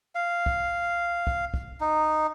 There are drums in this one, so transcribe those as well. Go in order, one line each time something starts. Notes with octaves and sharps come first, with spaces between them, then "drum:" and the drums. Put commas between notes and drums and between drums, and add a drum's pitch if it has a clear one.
F5
drum: kick
drum: kick
drum: kick
D#4